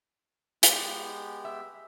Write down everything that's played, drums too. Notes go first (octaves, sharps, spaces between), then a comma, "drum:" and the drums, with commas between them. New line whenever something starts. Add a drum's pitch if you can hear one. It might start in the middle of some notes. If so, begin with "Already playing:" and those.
G#3 B3 G4, drum: hi-hat
E5